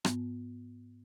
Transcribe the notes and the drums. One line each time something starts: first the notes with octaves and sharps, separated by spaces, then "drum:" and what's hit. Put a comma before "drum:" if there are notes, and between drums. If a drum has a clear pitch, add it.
G#2 B3, drum: rim click